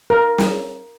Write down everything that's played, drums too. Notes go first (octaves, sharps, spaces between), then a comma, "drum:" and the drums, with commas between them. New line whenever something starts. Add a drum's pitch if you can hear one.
A#4
drum: snare